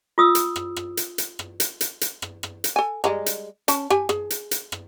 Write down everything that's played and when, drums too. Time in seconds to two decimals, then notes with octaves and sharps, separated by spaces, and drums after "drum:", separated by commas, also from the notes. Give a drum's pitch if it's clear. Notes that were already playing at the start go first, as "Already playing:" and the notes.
0.18 F4 D#6 E6
0.35 drum: hi-hat
0.56 drum: rim click
0.76 drum: rim click
0.97 drum: hi-hat
1.18 drum: hi-hat
1.39 drum: rim click
1.60 drum: hi-hat
1.81 drum: hi-hat
2.01 drum: hi-hat
2.22 drum: rim click
2.43 drum: rim click
2.64 drum: hi-hat
2.76 A4 G#5
3.04 G3 G#3 A#5, drum: rim click
3.26 drum: hi-hat
3.68 C#4 A5, drum: hi-hat
3.90 G4 G#5, drum: rim click
4.09 G#4, drum: rim click
4.30 drum: hi-hat
4.51 drum: hi-hat
4.72 drum: rim click